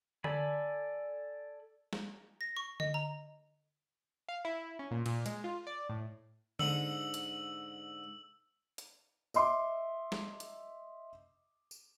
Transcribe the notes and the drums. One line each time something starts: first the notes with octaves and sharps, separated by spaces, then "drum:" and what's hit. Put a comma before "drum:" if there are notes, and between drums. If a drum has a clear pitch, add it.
A4 D5 G#5 B5, drum: tom D3
drum: snare
A#6
C#6
D#5, drum: tom D3
A#5
F5
E4
C#4
A#2
A#2, drum: cymbal
G#3, drum: hi-hat
F4
D5
A2
G#2 D3 E6 F#7, drum: tom D3
drum: hi-hat
drum: hi-hat
D#5 E5 C6 D6, drum: tambourine
drum: snare
drum: hi-hat
drum: tambourine